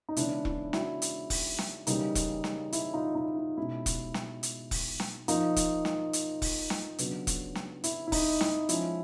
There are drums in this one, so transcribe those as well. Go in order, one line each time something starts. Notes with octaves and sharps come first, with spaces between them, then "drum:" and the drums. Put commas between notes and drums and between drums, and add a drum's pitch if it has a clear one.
D#4
C#3 E3 G#3 B3 D4 E4, drum: hi-hat
E4, drum: kick E1
E4 F#4, drum: snare
drum: hi-hat
drum: kick E1, open hi-hat
drum: snare
C#3 E3 G3 A#3 D#4, drum: hi-hat
drum: kick E1, hi-hat
drum: snare
E4, drum: hi-hat
D#4 F4
D#4
E4
B2 G#3 C#4 E4
drum: kick E1, hi-hat
drum: snare
drum: hi-hat
drum: kick E1, open hi-hat
drum: snare
F3 A#3 D#4 F4, drum: hi-hat
drum: kick E1, hi-hat
drum: snare
drum: hi-hat
drum: kick E1, open hi-hat
drum: snare
C#3 F#3 B3 D4, drum: hi-hat
drum: kick E1, hi-hat
drum: snare
E4, drum: hi-hat
E4
D#4, drum: kick E1, open hi-hat
E4, drum: snare
F3 G#3 C#4 E4, drum: hi-hat